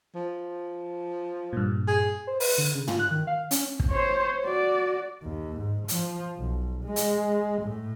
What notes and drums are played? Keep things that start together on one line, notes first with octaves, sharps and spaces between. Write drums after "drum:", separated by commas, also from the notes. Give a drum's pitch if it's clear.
F3
G2 A#2
G#4
C5
B4, drum: open hi-hat
D3
C#3
F4, drum: tom
F#6
D#3
F5
C#4, drum: hi-hat
drum: kick
C5 C#5
F#4 D5
D#2
G#2
F3, drum: hi-hat
B1
G#3
drum: hi-hat
A2